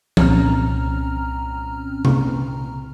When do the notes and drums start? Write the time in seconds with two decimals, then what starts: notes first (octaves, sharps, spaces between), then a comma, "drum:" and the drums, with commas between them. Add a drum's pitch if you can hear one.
0.17 C2 A#2 C4 C#4 A#5 F6, drum: tom E3
2.05 drum: tom C3